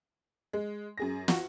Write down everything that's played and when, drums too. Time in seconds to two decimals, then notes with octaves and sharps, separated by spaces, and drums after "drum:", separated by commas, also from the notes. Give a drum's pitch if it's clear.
0.53 G#3
0.98 F#2 G#4 A#6
1.28 F#4 F#5 C#6, drum: snare